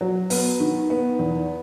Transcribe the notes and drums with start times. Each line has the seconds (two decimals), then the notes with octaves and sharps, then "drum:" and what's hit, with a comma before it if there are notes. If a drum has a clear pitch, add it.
0.01 F#3
0.30 B3, drum: open hi-hat
0.60 D#3
0.90 B3
1.19 E2